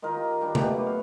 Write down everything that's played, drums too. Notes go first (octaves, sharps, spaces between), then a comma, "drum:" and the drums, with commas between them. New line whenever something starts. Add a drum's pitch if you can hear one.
D#3 D#4 F4 A#4
G4
D#3 G3 D4
B2 A3 A#3 G4, drum: tom C3
F#2 B4 C#5 F5
F5